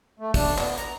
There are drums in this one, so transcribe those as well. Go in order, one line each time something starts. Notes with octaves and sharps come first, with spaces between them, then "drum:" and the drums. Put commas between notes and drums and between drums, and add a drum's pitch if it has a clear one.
A3
D4, drum: kick, open hi-hat
B3, drum: clap
A#5, drum: hi-hat